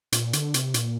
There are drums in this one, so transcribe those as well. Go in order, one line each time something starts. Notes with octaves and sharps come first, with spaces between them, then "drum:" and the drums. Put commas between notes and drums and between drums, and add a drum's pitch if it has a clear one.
A#2, drum: hi-hat
D3, drum: hi-hat
C3, drum: hi-hat
A#2, drum: hi-hat